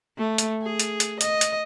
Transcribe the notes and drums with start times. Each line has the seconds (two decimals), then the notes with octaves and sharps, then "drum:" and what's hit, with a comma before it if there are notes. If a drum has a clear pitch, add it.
0.18 A3
0.38 drum: hi-hat
0.63 G#4
0.80 drum: hi-hat
1.00 drum: hi-hat
1.21 D#5, drum: hi-hat
1.41 drum: hi-hat